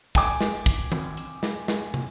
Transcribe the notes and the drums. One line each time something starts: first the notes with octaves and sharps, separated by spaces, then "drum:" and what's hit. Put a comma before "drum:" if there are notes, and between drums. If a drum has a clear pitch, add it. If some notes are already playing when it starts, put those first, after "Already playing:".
G5 G#5 D6, drum: kick, hi-hat
drum: snare
drum: kick
drum: tom D#3
drum: hi-hat
drum: snare
drum: snare
drum: tom